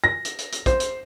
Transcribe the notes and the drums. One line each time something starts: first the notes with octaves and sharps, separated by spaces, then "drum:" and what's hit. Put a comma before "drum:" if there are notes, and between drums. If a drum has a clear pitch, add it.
A#6
drum: hi-hat
drum: hi-hat
drum: hi-hat
C5, drum: kick, hi-hat
drum: hi-hat